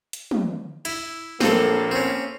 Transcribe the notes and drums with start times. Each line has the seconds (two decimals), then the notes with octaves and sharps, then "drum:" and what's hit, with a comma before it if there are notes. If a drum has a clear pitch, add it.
0.13 drum: hi-hat
0.31 drum: tom
0.85 E4, drum: cymbal
1.41 A#1 A2 A#3 C4 A4, drum: snare
1.91 C4 C#4